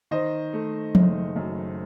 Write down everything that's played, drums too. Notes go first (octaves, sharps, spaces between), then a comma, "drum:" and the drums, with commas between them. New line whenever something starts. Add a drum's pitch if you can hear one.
D#3 C5 D#5
A3
F#1, drum: tom F3
F#2